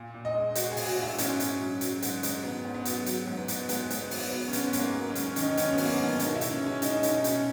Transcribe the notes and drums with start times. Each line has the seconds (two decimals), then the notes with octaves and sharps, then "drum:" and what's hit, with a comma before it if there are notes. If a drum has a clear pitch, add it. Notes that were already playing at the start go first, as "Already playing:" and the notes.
Already playing: A#2
0.14 A#2
0.25 D#5
0.35 G#3
0.55 G#3 F#4, drum: hi-hat
0.72 G#4
0.77 A#2, drum: open hi-hat
0.88 F#4
0.98 A#2
1.03 E4
1.18 G#2 C#4, drum: hi-hat
1.40 G#2, drum: hi-hat
1.60 F#3
1.81 F#3, drum: hi-hat
2.02 G#2, drum: hi-hat
2.23 G#2, drum: hi-hat
2.44 G#2 B3
2.65 G#2
2.75 B3
2.85 F#3, drum: hi-hat
3.06 F#3, drum: hi-hat
3.27 G#2
3.37 B3
3.48 G#2, drum: hi-hat
3.69 G#2 B3, drum: hi-hat
3.90 G#2, drum: hi-hat
4.00 B3
4.11 F#3, drum: open hi-hat
4.32 F#3 B3
4.48 C#4
4.53 G#2, drum: hi-hat
4.63 B3
4.73 G#2, drum: hi-hat
4.79 A#3
4.94 F#3
5.10 C#4
5.15 G#2, drum: hi-hat
5.26 C#4
5.36 D#3 D#4, drum: hi-hat
5.57 G#2 C#4, drum: hi-hat
5.73 B3
5.78 F#3, drum: open hi-hat
5.85 A#3
5.88 B3
5.99 G#2
6.04 C#4
6.19 B2 D#4, drum: hi-hat
6.35 E4
6.41 B2, drum: hi-hat
6.51 C#4
6.61 G#3
6.66 C#4
6.82 G#3 D#4, drum: hi-hat
6.98 D#4
7.03 B2, drum: hi-hat
7.13 D#4
7.24 B2 C#4, drum: hi-hat